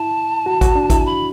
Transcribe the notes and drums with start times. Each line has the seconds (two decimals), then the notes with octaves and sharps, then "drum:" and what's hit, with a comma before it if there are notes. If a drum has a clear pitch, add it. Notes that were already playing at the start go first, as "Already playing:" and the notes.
Already playing: E4 A5
0.46 F#4
0.61 F#4, drum: kick, hi-hat
0.75 D4
0.90 E4, drum: kick, hi-hat
1.05 B5